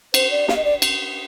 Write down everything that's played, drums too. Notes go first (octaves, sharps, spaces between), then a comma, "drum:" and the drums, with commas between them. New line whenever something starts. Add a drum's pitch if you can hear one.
C5, drum: cymbal
D5
F5, drum: snare
D#5
D5
drum: cymbal